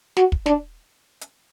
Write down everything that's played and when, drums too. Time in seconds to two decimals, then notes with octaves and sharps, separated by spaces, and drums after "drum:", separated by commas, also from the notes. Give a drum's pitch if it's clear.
0.17 F#4, drum: snare
0.32 drum: kick
0.46 D4, drum: snare
1.21 drum: hi-hat